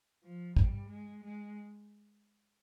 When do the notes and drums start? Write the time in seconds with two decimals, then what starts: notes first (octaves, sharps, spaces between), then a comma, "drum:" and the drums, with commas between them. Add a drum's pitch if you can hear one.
0.24 F3
0.57 G3, drum: kick
0.89 G#3
1.23 G#3